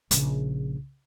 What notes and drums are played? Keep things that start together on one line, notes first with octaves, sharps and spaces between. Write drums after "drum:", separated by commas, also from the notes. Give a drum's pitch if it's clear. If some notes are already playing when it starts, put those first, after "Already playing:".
A#1 C#3, drum: hi-hat